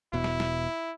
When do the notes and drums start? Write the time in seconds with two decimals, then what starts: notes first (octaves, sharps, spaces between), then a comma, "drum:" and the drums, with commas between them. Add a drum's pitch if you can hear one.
0.13 E1 B2 E4
0.24 drum: snare
0.40 drum: snare